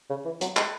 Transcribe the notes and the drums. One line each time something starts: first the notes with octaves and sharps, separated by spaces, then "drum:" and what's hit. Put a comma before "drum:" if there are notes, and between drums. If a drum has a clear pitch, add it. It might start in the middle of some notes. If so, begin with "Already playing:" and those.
C#3
E3
F#3, drum: hi-hat
G#3, drum: clap